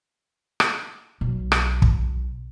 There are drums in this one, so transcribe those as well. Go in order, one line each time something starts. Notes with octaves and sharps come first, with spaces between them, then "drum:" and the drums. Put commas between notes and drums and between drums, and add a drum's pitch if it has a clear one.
drum: rim click
B1
drum: rim click
drum: kick